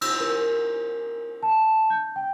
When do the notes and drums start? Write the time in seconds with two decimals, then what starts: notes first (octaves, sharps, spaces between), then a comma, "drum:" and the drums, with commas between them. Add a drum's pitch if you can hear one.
0.01 E6, drum: cymbal
0.20 A#4
1.43 A5
1.90 G6
2.16 G5